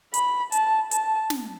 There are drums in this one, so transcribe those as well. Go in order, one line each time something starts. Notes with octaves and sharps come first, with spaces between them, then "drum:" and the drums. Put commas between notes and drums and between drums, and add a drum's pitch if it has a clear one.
B5, drum: hi-hat
A5, drum: hi-hat
A5, drum: hi-hat
drum: snare